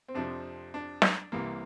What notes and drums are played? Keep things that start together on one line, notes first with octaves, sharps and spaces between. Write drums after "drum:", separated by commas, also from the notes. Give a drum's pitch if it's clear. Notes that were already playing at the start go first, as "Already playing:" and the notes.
C4
F2 C3 F3 D4
D4
drum: snare
C2 C3 E3 A#3